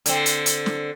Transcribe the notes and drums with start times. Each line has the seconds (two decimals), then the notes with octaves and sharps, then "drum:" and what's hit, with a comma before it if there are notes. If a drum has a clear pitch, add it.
0.06 D3 C4, drum: hi-hat
0.26 drum: hi-hat
0.46 drum: hi-hat
0.66 drum: snare